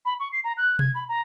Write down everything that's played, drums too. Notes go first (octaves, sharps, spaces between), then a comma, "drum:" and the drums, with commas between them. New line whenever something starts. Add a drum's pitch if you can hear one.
B5
C#6
C7
A#5
F#6
G#6, drum: tom B2
B5
A#5